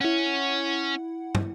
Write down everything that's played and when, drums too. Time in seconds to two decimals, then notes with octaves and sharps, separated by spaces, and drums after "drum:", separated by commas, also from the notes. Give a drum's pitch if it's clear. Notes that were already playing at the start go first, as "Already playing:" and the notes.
0.01 C#4 E4 C#5 F#5
1.35 drum: tom